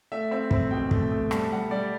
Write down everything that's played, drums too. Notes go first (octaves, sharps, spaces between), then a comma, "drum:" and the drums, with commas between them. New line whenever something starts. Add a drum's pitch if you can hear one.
A3 E5
C4 E5
C4, drum: kick
B2 G5
A3, drum: kick
A3
G3 A5, drum: rim click
G3 F#5
G3 D5